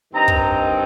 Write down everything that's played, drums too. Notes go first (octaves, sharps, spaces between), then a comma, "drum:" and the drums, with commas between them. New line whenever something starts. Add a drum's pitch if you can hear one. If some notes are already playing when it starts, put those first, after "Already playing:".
G2 D#3 C4 D#4 A#5
drum: kick